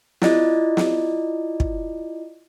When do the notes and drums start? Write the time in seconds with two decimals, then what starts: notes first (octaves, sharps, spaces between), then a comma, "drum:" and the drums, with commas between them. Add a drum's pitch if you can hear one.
0.22 E4 F4 D5 D#5, drum: snare
0.77 drum: snare
1.60 drum: kick